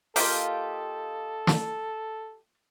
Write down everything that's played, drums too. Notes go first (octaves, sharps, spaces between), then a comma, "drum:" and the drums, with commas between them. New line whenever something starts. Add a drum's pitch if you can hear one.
A#3 F4 G4 A4 D#5 G5, drum: open hi-hat
drum: snare